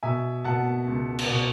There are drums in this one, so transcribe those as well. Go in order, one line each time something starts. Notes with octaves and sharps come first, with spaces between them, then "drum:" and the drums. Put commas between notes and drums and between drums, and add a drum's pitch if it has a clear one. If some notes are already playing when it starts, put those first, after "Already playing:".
B2 E5 G#5
B2 F#5 A5
C#2
drum: cymbal
B2